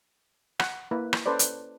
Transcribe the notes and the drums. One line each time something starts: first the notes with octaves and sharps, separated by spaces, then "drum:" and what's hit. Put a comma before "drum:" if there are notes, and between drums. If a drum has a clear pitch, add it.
F#5, drum: rim click
A#3 E4 B4
drum: rim click
C#4 A4 B4 C5 D5
drum: hi-hat